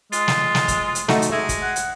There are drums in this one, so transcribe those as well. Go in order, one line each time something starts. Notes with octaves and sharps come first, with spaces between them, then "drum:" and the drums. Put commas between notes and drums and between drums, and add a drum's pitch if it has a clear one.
G#3 F4, drum: hi-hat
drum: snare
drum: snare
drum: kick, hi-hat
drum: hi-hat
A3 D#4 F#4, drum: snare
drum: hi-hat
G#3 E5
drum: kick, hi-hat
F#5
drum: hi-hat